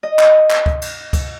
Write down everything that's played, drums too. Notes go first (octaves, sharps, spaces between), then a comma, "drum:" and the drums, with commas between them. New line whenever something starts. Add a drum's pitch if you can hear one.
D#5
drum: clap
drum: clap
drum: kick C#2
drum: cymbal
drum: kick C#2, cymbal